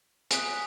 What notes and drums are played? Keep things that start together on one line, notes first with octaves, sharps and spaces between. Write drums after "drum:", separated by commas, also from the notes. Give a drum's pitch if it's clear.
G#5 D#6 F#6 B6, drum: hi-hat